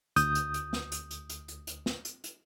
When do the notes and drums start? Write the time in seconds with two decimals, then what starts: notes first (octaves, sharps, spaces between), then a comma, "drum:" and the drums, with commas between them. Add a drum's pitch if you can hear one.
0.16 D2 D#6 G6, drum: hi-hat
0.35 drum: hi-hat
0.54 drum: hi-hat
0.73 drum: snare
0.92 drum: hi-hat
1.11 drum: hi-hat
1.30 drum: hi-hat
1.48 drum: hi-hat
1.67 drum: hi-hat
1.86 drum: snare
2.05 drum: hi-hat
2.24 drum: hi-hat